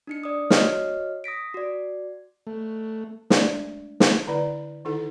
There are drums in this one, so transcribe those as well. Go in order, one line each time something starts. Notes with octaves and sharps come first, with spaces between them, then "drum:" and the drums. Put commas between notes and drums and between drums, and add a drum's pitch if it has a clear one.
D4 D#4 C#7
D5 D#6
F#4 C#5 D#5 F6, drum: snare
D#6 A#6 B6 D7
F#4 D5
A3
G#3 A3 D4 D5, drum: snare
drum: snare
D3 E4 B4 D5 F#5 B5
D#3 D#4 E4 A4 F#5